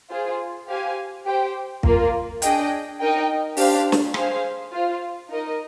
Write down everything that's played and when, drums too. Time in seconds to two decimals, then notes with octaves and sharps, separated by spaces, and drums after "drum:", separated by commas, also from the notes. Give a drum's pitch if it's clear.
0.11 F4 G#4 C5
0.68 G4 C5 F5 G#5
1.26 G4 C5 G5
1.83 A#3 F4 A#4, drum: kick
2.42 D4 G#4 D#5 G5, drum: hi-hat
2.99 D#4 A#4 D#5 G5
3.57 D4 G4 C5 F5, drum: open hi-hat
3.92 drum: snare
4.14 G#4 C5 F5, drum: rim click
4.73 F4 C5 F5
5.31 D#4 A#4 D#5